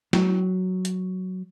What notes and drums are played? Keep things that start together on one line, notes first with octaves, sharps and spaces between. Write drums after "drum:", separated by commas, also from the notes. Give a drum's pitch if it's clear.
F#3, drum: snare
drum: hi-hat